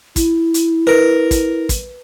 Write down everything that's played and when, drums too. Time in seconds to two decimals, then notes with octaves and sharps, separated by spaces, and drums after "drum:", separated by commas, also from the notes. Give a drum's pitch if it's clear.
0.16 E4, drum: kick, hi-hat
0.54 drum: hi-hat
0.87 A#4 B4
1.31 drum: kick, hi-hat
1.69 drum: kick, hi-hat